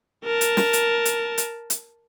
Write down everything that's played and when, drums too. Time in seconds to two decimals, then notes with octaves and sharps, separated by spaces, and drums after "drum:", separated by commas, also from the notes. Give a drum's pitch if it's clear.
0.25 A#4 A5
0.41 drum: hi-hat
0.57 drum: snare
0.73 drum: hi-hat
1.05 drum: hi-hat
1.38 drum: hi-hat
1.70 drum: hi-hat